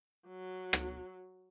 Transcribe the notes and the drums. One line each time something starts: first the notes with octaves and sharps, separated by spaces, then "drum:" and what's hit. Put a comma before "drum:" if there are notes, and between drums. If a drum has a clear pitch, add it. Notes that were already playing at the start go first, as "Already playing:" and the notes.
F#3
drum: rim click